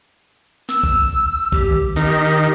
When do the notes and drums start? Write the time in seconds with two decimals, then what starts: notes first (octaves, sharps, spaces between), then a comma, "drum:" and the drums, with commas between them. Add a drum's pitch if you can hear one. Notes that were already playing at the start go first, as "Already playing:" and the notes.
0.69 E6, drum: snare
0.84 drum: kick A#1
1.52 G4, drum: kick A#1
1.71 drum: tom D3
1.96 D#3 G4, drum: snare